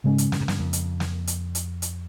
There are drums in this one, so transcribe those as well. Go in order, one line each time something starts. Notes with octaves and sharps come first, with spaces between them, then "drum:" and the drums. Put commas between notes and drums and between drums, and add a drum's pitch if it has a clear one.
G#2 C#3 G#3 C#4
drum: hi-hat
G2, drum: snare
G#2
G2, drum: snare
F2
drum: hi-hat
drum: snare
drum: hi-hat
drum: hi-hat
drum: hi-hat